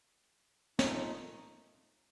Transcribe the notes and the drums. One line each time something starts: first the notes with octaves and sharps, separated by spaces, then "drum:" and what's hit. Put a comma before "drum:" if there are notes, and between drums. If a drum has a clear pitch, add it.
A#2 A3 D#4, drum: snare